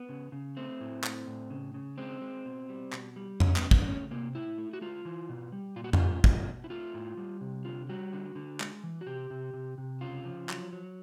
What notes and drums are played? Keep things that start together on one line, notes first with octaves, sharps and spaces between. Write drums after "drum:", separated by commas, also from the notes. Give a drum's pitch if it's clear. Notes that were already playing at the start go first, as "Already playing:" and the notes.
Already playing: B3
C#3
C#3
A3 C4
A2
A3, drum: clap
A2
C#3
C#3
G#3 C4
G#3
B2
G3
B2, drum: clap
G3
C#3 C#4, drum: tom F2
B3, drum: clap
C#3
B3, drum: kick
D4
A3 C#4
C3 A#3
A2 E4
A3
F#4
G#3 F4
E3
B2
G3
A#2 F4
F#4
F4, drum: tom F2
A#2
B2, drum: kick
B2
E4
A3 F4
A2
G3
C3
D3 F4
G3 F#4
D3
D3
G#3, drum: clap
E3
F#4
C3 G4
C3
C3
C3
C#3 F4
F3
F#3, drum: clap
F#3